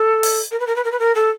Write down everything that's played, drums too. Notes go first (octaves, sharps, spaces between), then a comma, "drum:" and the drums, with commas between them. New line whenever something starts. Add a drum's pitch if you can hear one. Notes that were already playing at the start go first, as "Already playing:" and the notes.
Already playing: A4
drum: open hi-hat
A#4
B4
A#4
B4
A#4
B4
A#4
A4